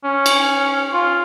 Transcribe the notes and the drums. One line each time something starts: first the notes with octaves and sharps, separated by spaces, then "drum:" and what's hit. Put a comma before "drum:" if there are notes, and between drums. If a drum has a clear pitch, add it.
C#4
drum: cymbal
F4